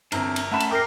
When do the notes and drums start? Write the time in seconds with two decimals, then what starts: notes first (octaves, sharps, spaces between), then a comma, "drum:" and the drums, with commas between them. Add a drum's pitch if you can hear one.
0.12 G1 E2 C4 D4 A#4 E5, drum: cymbal
0.36 drum: cymbal
0.51 A3 C#4 E5 F#5 G#5 A5 B5
0.60 drum: cymbal
0.71 A#4 G5 D6 C7